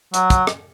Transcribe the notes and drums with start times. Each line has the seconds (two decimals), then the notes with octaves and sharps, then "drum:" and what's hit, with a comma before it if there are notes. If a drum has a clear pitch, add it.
0.14 F#3, drum: hi-hat
0.30 drum: kick, hi-hat
0.47 drum: rim click